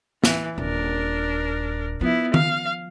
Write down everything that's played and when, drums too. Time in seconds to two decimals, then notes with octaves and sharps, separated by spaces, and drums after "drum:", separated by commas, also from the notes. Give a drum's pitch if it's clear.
0.24 E3, drum: snare
0.58 D#1 D4 A#4
2.01 F3 B3 E4
2.34 F5, drum: tom D#3